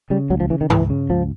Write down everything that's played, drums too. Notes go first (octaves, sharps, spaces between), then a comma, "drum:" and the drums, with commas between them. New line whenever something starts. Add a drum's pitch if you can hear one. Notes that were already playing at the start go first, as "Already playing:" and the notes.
C#3 G3
C#2 F#3
F3
C#3 E3
D#3
C#2 E3, drum: tom G2
C#3
C#2 F3